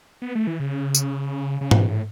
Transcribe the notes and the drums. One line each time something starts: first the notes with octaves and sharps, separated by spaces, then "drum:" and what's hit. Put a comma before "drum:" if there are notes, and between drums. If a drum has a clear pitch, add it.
B3
A3
E3
C#3
drum: tambourine
C#3
B2, drum: tom G#2
A2